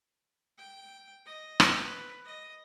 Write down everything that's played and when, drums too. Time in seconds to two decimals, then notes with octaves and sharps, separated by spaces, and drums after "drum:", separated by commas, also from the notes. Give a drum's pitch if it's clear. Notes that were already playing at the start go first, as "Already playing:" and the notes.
0.58 G5
1.25 D#5
1.60 drum: rim click
1.78 B4
2.25 D#5